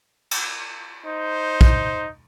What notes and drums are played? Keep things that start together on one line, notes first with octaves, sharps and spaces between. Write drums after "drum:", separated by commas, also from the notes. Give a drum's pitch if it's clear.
drum: cymbal
D#4 C5
drum: kick